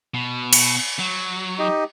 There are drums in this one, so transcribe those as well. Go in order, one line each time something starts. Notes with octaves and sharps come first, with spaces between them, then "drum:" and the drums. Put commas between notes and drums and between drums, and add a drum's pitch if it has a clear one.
B2
drum: cymbal
F#3
D#4 G4 D#5